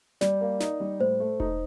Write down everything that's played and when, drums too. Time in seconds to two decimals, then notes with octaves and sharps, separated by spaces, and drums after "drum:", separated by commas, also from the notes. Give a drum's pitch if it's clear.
0.21 G3 D5, drum: snare
0.41 A#3
0.60 D#4, drum: snare
0.80 G3
1.00 A2 C5
1.20 A3
1.40 D#4, drum: kick E1